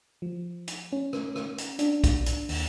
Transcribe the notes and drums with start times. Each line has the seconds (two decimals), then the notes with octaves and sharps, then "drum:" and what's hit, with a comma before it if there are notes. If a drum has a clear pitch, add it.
0.22 F3
0.68 drum: hi-hat
0.92 C#4
1.13 drum: rim click
1.36 drum: rim click
1.58 drum: hi-hat
1.79 D4, drum: hi-hat
2.04 drum: kick B1, hi-hat
2.26 drum: hi-hat
2.49 D#2, drum: open hi-hat